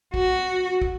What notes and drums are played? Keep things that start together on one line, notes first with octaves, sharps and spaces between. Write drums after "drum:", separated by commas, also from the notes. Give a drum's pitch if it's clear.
F#4, drum: kick
drum: kick